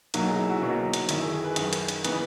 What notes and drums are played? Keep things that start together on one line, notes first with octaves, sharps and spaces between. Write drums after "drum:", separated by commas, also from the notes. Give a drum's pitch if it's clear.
B1 B2 F#3 A#3 F#4, drum: hi-hat
G#4
E4
F#4
B1 B2 F#3 A#3
drum: hi-hat
G#1 F#2 D#3 E4, drum: hi-hat
G#4
G#4
B4
G#1 F#2 D#3, drum: hi-hat
drum: hi-hat
drum: hi-hat
C#3 E3 B3 D#4 B4, drum: hi-hat